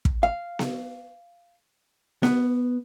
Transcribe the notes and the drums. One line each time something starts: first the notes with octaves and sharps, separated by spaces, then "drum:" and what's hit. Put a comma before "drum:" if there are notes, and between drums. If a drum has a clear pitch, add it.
drum: kick
F5
drum: snare B3
B3, drum: snare B3